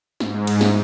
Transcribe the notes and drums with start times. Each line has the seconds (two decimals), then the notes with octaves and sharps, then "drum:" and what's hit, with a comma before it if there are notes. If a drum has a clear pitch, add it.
0.20 G#2, drum: snare
0.47 drum: cymbal
0.61 drum: snare